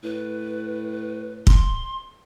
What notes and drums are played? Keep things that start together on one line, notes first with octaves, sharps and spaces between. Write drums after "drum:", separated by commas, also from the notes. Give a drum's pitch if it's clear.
A2 B4
C6, drum: kick